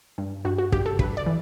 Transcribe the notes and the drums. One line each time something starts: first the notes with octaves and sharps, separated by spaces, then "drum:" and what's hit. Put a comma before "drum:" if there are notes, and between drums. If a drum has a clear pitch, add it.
G2
G2 F#4
F#4
G2 G4, drum: kick
A4
G2 B4, drum: kick
D5
E3